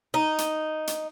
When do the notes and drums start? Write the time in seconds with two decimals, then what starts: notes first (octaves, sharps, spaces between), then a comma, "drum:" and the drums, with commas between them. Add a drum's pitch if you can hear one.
0.14 D#4
0.38 drum: hi-hat
0.87 drum: hi-hat